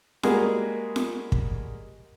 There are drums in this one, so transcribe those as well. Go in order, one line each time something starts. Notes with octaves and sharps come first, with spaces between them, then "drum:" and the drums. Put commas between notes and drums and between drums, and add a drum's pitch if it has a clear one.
G3 G#3 A#3 F#4 G#4, drum: snare F4
drum: snare F4
drum: kick